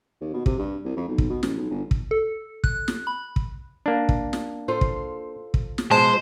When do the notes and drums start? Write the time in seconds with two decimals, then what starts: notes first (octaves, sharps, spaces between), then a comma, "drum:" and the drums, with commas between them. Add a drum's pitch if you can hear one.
0.21 D#2
0.34 B2
0.46 C3, drum: kick
0.59 G2
0.85 C2
0.96 F2
1.08 B1
1.18 drum: kick
1.30 B2
1.43 A1, drum: snare
1.57 B1
1.70 G1
1.91 drum: kick
2.11 A4
2.64 F#6, drum: kick
2.88 drum: snare
3.07 B5
3.36 drum: kick
3.86 A#3 D4
4.09 drum: kick
4.33 drum: snare
4.68 F4 A4 C5
4.81 drum: kick
5.54 drum: kick
5.78 drum: snare
5.91 B2 F3 G#3 C5 A5